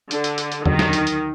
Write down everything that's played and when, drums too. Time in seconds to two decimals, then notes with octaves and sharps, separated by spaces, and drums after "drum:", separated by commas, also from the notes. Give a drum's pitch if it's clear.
0.11 D3, drum: hi-hat
0.24 drum: hi-hat
0.38 drum: hi-hat
0.52 drum: hi-hat
0.65 D2 D3 D#3 F#3, drum: tom E2
0.79 drum: snare
0.93 drum: hi-hat
1.07 drum: hi-hat